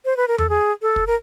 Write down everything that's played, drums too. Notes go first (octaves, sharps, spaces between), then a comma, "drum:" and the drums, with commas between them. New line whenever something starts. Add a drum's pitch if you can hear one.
C5
B4
A#4
A4, drum: tom E2
G#4
A4
drum: kick
A#4